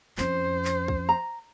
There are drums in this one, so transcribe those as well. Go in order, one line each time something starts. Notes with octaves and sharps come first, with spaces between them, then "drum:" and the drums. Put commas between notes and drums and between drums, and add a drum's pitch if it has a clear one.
F2 C#4 C5, drum: clap
drum: clap
drum: kick
A#5